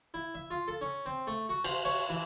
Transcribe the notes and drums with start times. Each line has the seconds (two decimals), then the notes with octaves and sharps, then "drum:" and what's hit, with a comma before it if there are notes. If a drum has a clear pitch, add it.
0.14 E4
0.34 E5
0.51 F4
0.68 A4
0.81 C#4
1.06 C4
1.27 A3
1.49 F#4
1.64 C5, drum: cymbal
1.85 C#5
2.09 E3